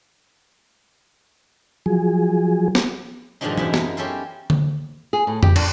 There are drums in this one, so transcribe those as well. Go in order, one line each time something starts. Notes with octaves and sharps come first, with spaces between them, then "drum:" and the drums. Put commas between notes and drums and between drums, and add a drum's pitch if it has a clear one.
F3 F#3 G#4
drum: snare
G#2 B2 D#3 F3 D4 D#4
F#2 D#4 E4 E5, drum: tom E3
A#4, drum: snare
C#4 G4 A4 A#4 C5
drum: tom D3
G#4
A2
G4, drum: tom F2
D4, drum: cymbal